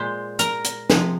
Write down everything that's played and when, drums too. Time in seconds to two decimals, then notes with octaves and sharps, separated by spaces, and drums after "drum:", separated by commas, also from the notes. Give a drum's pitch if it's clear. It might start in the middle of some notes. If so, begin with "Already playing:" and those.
Already playing: A#2 G#3 C5
0.39 A#4, drum: hi-hat
0.64 drum: hi-hat
0.90 C3 F3 G#3, drum: snare